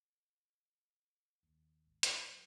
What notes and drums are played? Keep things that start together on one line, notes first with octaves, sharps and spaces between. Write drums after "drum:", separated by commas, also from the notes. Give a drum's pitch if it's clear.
D#2
G#1
A#3, drum: hi-hat
F#3